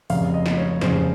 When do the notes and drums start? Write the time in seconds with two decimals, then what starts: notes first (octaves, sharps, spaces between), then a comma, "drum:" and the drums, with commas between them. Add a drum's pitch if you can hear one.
0.10 F1 F2 C#3 F5, drum: open hi-hat
0.34 D#5
0.46 drum: snare
0.58 C#5
0.81 F1 F2 C#3 C5, drum: snare